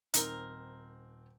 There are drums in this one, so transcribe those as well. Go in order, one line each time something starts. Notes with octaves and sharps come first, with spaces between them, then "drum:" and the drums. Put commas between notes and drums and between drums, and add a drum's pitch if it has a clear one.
D#1 C4 D#4 A#4, drum: hi-hat